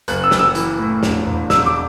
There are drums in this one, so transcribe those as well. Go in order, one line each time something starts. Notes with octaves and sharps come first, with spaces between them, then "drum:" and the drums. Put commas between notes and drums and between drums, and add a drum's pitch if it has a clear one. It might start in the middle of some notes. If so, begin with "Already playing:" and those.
F#1 F#6, drum: hi-hat
E6
F#1, drum: snare
E6
E3, drum: hi-hat
A2
E1, drum: snare
E1
E1 E6, drum: snare
D6